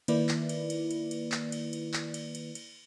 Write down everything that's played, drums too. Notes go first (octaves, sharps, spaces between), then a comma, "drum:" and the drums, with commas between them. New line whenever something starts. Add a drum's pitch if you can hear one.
D#3 A#3 E4 B4 D5, drum: cymbal
drum: clap
drum: cymbal
drum: cymbal
drum: cymbal
drum: cymbal
drum: clap
drum: cymbal
drum: cymbal
drum: clap
drum: cymbal
drum: cymbal
drum: cymbal